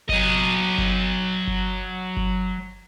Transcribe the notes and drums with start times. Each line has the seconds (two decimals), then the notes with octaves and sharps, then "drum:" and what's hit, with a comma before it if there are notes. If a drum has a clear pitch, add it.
0.09 F#3 D#5, drum: kick G1
0.78 drum: kick G1
1.47 drum: kick G1
2.17 drum: kick G1